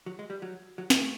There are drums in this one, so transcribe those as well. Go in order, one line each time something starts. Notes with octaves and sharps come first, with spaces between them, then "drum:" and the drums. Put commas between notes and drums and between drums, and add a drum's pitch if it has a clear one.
F#3
G#3
G3
F#3
F#3
G#3, drum: snare
A3